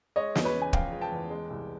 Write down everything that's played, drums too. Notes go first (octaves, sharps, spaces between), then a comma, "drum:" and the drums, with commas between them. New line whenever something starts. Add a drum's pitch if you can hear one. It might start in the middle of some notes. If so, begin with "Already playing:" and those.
G#3 C#5 D#5
E2, drum: snare
B4 C#5
C#3
G#5
F3 F5 G5, drum: kick
G#3
G5 A5
E2
G#3
C2